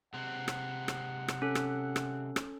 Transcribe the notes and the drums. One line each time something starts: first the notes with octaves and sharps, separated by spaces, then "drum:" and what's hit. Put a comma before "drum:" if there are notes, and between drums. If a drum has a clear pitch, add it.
C3 G#3 C4 F#5
drum: rim click
drum: rim click
drum: rim click
C#4 A4
drum: rim click
drum: rim click
drum: rim click